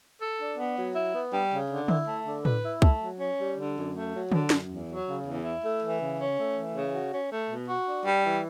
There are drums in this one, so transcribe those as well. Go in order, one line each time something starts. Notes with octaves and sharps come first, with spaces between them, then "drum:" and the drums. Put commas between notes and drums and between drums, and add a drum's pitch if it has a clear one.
A4
D4
B3
F#3
E4
B3
G3
C#3
D3
E4, drum: tom D3
A3
D3
B4, drum: tom A2
E4
A3, drum: kick C2
F#3
C#4
G3
D3
F#2
A3
F#3
D3, drum: tom D3
F#2, drum: snare C#4
E2
F#3
C#3
E2
E4
A3
E3
C#3
C#4
A3
E3
C#3
F#4
C#4
A3
B2
F#4
D4
G3
E3